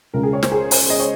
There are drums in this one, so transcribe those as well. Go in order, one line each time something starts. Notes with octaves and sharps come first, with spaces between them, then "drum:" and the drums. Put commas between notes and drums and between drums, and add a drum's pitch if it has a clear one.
C#2 C#3 G#3 A#4
G#4
C#5
C5, drum: snare
G#4
C5, drum: open hi-hat
D#5
C#5